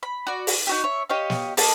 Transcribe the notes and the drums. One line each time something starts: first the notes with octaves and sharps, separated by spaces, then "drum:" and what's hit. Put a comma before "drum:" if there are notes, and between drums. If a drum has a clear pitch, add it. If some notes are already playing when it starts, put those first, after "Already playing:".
B5
F#4 D5
drum: open hi-hat
D#4 F#4 G4
C#5 E5
G4 C#5 D#5 F5
drum: snare
A#3 A4 D#5 A5, drum: open hi-hat